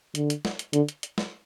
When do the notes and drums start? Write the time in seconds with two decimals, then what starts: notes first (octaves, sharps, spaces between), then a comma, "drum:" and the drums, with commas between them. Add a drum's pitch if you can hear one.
0.15 D3, drum: hi-hat
0.30 drum: hi-hat
0.45 drum: snare
0.59 drum: hi-hat
0.73 D3, drum: hi-hat
0.89 drum: hi-hat
1.03 drum: hi-hat
1.18 drum: snare